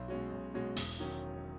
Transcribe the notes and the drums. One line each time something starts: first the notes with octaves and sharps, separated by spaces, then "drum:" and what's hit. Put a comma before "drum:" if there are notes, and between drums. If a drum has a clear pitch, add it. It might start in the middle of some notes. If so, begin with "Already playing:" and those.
Already playing: B1
B2 G#3 C#4 F#4
B1
B2 G#3 C#4 F#4
E1, drum: open hi-hat
D#3 F#3 C#4